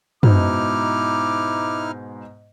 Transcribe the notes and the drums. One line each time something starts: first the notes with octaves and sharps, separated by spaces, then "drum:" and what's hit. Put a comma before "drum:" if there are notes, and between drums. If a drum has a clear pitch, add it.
G#2 B2 D#4 E4 D6 F6, drum: tom